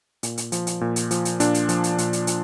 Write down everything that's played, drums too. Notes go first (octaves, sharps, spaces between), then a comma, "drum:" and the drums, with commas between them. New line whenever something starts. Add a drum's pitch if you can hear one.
A#2, drum: hi-hat
drum: hi-hat
F3, drum: hi-hat
drum: hi-hat
A#2
drum: hi-hat
F3, drum: hi-hat
drum: hi-hat
A#2 D4, drum: hi-hat
drum: hi-hat
F3, drum: hi-hat
drum: hi-hat
A#2, drum: hi-hat
drum: hi-hat
F3, drum: hi-hat